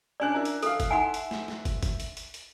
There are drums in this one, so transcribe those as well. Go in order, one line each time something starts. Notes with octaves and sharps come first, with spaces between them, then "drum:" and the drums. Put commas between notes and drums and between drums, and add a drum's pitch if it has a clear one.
C#4 D4 D5 G#5 F#6
D4 E4 A#4
drum: hi-hat
E4 A4 F5, drum: hi-hat
drum: kick, hi-hat
D#4 E5 F#5 G#5 C6
drum: hi-hat
drum: snare
drum: snare
drum: kick, hi-hat
drum: kick, hi-hat
drum: hi-hat
drum: hi-hat
drum: hi-hat